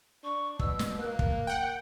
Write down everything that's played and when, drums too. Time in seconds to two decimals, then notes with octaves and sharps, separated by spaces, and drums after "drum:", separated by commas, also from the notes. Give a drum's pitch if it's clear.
0.23 D4 C#6
0.59 B2 E6, drum: kick
0.79 drum: snare
1.00 A#3 F#6
1.19 drum: kick
1.47 F#5 G5